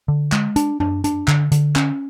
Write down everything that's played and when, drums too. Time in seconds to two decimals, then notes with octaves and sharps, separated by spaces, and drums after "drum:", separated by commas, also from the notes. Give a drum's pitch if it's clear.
0.08 D3
0.32 G#3, drum: clap
0.56 D4, drum: hi-hat
0.80 D4, drum: tom F#2
1.04 D4, drum: hi-hat
1.28 D3, drum: clap
1.52 D3, drum: hi-hat
1.76 C#4, drum: clap